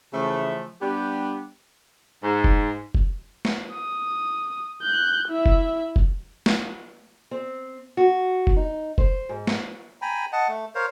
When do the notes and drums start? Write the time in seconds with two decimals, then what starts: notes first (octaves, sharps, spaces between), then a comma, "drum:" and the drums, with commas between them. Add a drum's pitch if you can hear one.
0.14 C#3 E3 F3 A3
0.81 G3 B3 D4 G4
2.24 G#2
2.44 drum: kick F1
2.95 drum: kick F1
3.45 drum: snare
3.74 D#6
4.82 F#6 G6
5.28 E4 E5
5.46 drum: kick F1
5.96 drum: kick F1
6.46 drum: snare
7.31 C4
7.97 F#4
8.47 drum: kick F1
8.56 D#4
8.98 C5, drum: kick F1
9.29 G#2
9.47 drum: snare
10.02 G5 G#5 A#5 B5
10.33 D#5 F#5 A5
10.48 A3
10.75 A#4 C5 C#5 F5